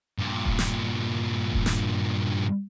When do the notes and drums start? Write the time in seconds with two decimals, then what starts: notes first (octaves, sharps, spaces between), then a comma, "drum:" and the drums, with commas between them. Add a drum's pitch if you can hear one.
0.18 G2 A#2
0.45 drum: kick D#1
0.59 drum: snare
1.53 drum: kick D#1
1.66 drum: snare